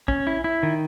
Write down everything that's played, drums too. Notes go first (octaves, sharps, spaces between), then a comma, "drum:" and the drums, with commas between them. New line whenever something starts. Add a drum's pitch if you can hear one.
C#4, drum: kick
E4
E4
D#3